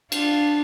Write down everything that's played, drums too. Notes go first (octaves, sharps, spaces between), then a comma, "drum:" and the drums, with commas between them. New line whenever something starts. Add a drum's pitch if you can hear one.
D4 F4, drum: cymbal